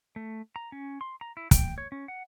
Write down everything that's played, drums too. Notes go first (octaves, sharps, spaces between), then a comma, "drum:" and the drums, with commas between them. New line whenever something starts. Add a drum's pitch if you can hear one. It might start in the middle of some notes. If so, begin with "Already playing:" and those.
A3
A#5
C#4
C6
A#5
E4
G5, drum: kick, hi-hat
C#5
C#4
F#5